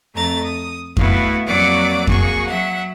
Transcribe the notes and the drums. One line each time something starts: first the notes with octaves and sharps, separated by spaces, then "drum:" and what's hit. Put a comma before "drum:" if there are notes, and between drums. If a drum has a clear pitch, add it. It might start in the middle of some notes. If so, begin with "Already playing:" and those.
F2 A3 A#5 A6
D#6
A3 B3 E4 F#4 F5, drum: kick F2
F2 F#3 A#3 D5 F#5 D6
A#3 F#4 G#4 C#6, drum: kick F2
F#3 E5 F#5